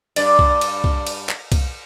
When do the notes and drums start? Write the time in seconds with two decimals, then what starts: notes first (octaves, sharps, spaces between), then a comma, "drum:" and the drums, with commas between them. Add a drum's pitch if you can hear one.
0.16 G2 D5, drum: cymbal
0.39 drum: kick
0.61 drum: cymbal
0.84 drum: kick
1.07 drum: cymbal
1.29 drum: clap
1.52 drum: kick, cymbal